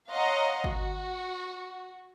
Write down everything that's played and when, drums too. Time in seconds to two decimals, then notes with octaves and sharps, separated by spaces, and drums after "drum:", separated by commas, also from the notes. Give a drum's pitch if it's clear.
0.13 C#5 D#5 F5 F#5 A#5 C6
0.64 F#4, drum: kick